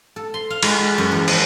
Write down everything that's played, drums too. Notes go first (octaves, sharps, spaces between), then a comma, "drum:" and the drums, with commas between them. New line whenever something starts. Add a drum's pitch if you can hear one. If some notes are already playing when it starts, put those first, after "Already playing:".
A4
C6
F5
G#3, drum: cymbal
F#2
E2
F3, drum: cymbal